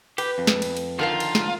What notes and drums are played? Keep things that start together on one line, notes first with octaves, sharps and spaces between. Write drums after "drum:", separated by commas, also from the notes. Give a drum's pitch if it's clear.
G4 B4, drum: cymbal
F2
drum: snare
drum: cymbal
drum: cymbal
D3 D#3 F3 F4 A#4 F5
drum: cymbal
drum: snare